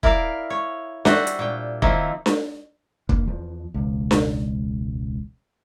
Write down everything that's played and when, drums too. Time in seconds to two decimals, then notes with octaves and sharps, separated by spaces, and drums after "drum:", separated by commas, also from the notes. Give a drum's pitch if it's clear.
0.03 E4 A#4 D5 E5 F5, drum: kick
0.50 C#5
1.05 G3 D4 F#4 C5 E5 F#5, drum: snare D4
1.27 drum: hi-hat
1.39 A#2 G5
1.82 D#3 F3 A#3 C4 E4, drum: kick
2.26 drum: snare D4
3.09 F2 D3 A#3, drum: kick
3.27 E2 F3
3.74 E1 C#2
4.11 drum: snare D4